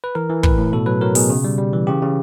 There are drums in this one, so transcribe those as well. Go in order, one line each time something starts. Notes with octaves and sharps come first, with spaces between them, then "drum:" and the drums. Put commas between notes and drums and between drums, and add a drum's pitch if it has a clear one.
B4
E3 A#4
E3
A2 B4, drum: kick
A2
B2 A4
F#3 B4
F#3 A#4
B2 G#4, drum: open hi-hat
C#3
G3
G3
E3
C#3 G4
C#3